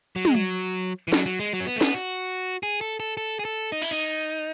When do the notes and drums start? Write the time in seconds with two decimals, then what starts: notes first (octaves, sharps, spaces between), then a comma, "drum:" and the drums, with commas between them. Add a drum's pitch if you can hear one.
0.16 F#3
0.25 G#3, drum: tom
0.34 F#3
1.08 E3
1.13 F#3, drum: snare
1.26 F#3
1.39 G#3
1.53 F#3
1.60 C#4
1.67 B3
1.76 A3
1.81 B3, drum: snare
1.94 F#4
2.63 G#4
2.81 A4
3.00 A4
3.17 A4
3.39 G#4
3.45 A4
3.72 D#4
3.82 E4, drum: cymbal
3.91 D#4